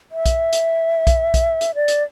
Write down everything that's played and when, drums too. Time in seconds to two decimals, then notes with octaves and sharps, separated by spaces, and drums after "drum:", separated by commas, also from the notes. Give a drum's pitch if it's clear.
0.12 E5
0.26 drum: kick B1, hi-hat
0.53 drum: hi-hat
1.07 drum: kick B1, hi-hat
1.34 drum: kick B1, hi-hat
1.61 drum: hi-hat
1.75 D5
1.88 drum: hi-hat